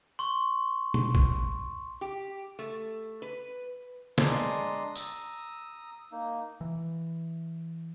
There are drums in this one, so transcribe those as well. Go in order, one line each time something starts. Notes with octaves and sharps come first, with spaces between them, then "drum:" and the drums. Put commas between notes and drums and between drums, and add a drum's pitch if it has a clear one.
C6 C#6
drum: tom
drum: kick
G4
A3
B4
G#3 D4 D5 A#5 C6 D#6, drum: snare
A#5 D#6 E6, drum: tambourine
A#3 D#4
E3